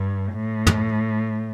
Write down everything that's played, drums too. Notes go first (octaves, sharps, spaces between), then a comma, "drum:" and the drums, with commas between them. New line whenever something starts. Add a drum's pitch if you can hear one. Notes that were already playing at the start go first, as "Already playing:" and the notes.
Already playing: G2
A2
drum: tom